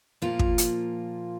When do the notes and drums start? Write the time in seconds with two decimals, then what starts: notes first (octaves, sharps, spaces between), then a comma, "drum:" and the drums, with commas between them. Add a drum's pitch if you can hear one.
0.22 A#2 F3 A#3 F4
0.39 drum: kick
0.58 drum: hi-hat